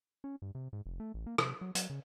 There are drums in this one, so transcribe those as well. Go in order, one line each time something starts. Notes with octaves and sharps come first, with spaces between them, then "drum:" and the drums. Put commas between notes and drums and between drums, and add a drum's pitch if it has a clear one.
C#4
G2
C3
G#2
F1
A3
A1
A#3
C3, drum: rim click
F#3
F#3, drum: hi-hat
C#3